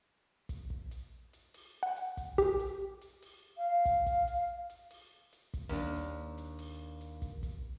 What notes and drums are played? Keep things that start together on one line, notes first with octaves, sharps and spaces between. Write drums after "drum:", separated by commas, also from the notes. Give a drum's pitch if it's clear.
drum: kick, hi-hat
drum: kick
drum: hi-hat
drum: hi-hat
drum: open hi-hat
F#5
drum: hi-hat
drum: kick, hi-hat
G4, drum: kick, hi-hat
drum: hi-hat
drum: hi-hat
drum: open hi-hat
F5
drum: kick, hi-hat
drum: kick, hi-hat
drum: hi-hat
drum: hi-hat
drum: open hi-hat
drum: hi-hat
drum: kick, hi-hat
D#2 D4
drum: hi-hat
drum: hi-hat
drum: open hi-hat
drum: hi-hat
drum: kick, hi-hat
drum: kick, hi-hat